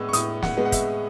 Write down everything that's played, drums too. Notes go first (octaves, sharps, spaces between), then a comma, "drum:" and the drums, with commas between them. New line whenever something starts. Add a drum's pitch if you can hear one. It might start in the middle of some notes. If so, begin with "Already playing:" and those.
Already playing: A2 G#3 B3 E6
C#6
A2 D#6, drum: hi-hat
F#5, drum: snare
G#3 B3
F#5
E5, drum: kick, hi-hat